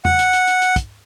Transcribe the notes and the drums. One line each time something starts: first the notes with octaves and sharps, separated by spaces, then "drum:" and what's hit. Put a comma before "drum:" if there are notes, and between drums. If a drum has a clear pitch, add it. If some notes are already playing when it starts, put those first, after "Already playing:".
F#5, drum: tom E2
drum: hi-hat
drum: hi-hat
drum: hi-hat
drum: hi-hat
drum: kick, hi-hat